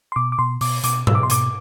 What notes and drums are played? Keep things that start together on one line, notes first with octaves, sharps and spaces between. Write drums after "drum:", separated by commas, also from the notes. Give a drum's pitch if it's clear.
C6
B2 D6
D6
B2 C6
B2 D6, drum: open hi-hat
B2 D6, drum: hi-hat
B2 E6, drum: tom G#2
D6
C6
B2 D6, drum: hi-hat